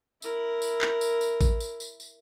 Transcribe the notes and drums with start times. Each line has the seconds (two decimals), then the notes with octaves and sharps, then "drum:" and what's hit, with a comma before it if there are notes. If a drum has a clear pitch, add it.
0.22 E4 A#4, drum: tambourine
0.62 drum: tambourine
0.81 drum: clap
1.01 drum: tambourine
1.21 drum: tambourine
1.41 drum: kick A1, tambourine
1.60 drum: tambourine
1.80 drum: tambourine
2.00 drum: tambourine